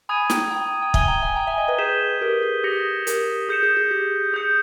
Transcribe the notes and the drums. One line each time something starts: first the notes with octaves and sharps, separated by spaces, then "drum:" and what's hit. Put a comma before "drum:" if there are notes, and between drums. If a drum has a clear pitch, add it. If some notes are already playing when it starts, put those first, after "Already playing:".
G#5 B5 D#6 G#6 D#7
G5 A#5, drum: snare
G5 A#5
G5
E5 G#5 G#6 D#7 G7, drum: kick
G5 A#5
E5 G#5
G5 A#5
E5 G#5
D#5 G5
B4 D#5
G#4 B4 G6 B6 E7 G7
G4 A#4
G#4
G4 D#6 A#6 C#7
G4 A#4, drum: hi-hat
G#4 D#6 G6 C#7 E7
G#4
G#4
G4
G#4 D#6 G6 C#7